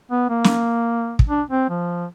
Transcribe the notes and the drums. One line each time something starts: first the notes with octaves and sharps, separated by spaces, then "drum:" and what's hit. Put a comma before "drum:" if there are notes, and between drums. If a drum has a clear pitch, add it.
B3
A#3
drum: snare
drum: kick
D4
C4
F3